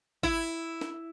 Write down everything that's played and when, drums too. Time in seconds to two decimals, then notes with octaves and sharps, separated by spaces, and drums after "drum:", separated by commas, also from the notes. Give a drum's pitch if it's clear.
0.23 E4, drum: kick G#1
0.81 drum: snare